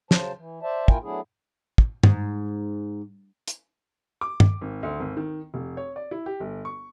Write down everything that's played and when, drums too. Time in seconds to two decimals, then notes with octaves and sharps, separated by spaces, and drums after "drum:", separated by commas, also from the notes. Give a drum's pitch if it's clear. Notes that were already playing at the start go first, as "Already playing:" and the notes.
0.11 C#3 F#3 C5 A5, drum: snare
0.36 E3
0.62 C5 D5 E5 A5
0.88 A#3 E4 F4 A#4 G5 G#5, drum: kick
1.03 F#3 A3 B3 D4 E4 G#4
1.78 drum: kick
2.03 G#2, drum: tom G2
3.48 drum: hi-hat
4.21 D6
4.40 drum: tom G2
4.61 G#1
4.83 D2
5.00 G#1
5.17 D#3
5.54 F1
5.77 C#5
5.96 D5
6.11 E4
6.26 G4
6.40 G1
6.65 C#6